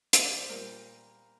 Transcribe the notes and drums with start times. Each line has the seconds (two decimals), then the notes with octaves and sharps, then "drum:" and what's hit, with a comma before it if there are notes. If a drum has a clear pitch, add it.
0.13 D#5, drum: hi-hat
0.25 D5
0.38 C5
0.49 A#2 G3 A#3 A#4